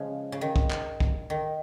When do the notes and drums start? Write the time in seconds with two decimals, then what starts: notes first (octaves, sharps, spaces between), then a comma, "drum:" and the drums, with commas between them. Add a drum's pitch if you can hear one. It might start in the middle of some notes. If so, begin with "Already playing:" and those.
Already playing: C#3 F3 G#3
0.32 C#3
0.41 D#3
0.56 drum: kick
0.71 drum: clap
1.00 drum: kick
1.30 D#3